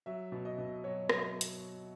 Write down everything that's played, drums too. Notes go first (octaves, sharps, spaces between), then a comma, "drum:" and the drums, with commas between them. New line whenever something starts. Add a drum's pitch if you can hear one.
F#3 E5
B2
D#5
B2
F#3 C#5
F#3, drum: rim click
drum: hi-hat